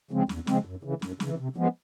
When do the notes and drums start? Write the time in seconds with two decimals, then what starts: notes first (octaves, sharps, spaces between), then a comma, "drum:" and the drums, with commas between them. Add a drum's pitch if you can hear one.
0.11 C#3 F3 G#3 C4
0.29 E2, drum: snare
0.47 C#3 F3 G#3 C4, drum: snare
0.65 F#2
0.83 C#3 E3
1.02 F#2, drum: snare
1.20 C#3 E3, drum: snare
1.38 C3
1.56 F3 G#3 B3